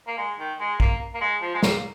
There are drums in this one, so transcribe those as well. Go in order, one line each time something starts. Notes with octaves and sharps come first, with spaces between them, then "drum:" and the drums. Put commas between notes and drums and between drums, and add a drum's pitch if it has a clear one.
A#3
G#3
D#3
G#3
A#3, drum: kick B1
A#3
G#3
F3
G#3
A#3, drum: snare